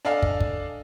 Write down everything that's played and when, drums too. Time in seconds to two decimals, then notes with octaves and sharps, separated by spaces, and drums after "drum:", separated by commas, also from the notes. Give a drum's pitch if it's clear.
0.05 D4 A4 D5 D#5 F5 G#5
0.23 drum: kick
0.41 drum: kick